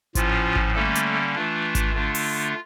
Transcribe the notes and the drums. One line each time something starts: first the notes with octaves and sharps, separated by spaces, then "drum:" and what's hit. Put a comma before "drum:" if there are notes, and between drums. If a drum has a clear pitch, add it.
A2 F3 C#4 F4, drum: kick G#1, hi-hat
drum: kick G#1
D3 G3 A3 A#3 C#4 A4
drum: hi-hat
E3 A3 D4 F4
drum: kick G#1, hi-hat
D3 A3 D4
drum: open hi-hat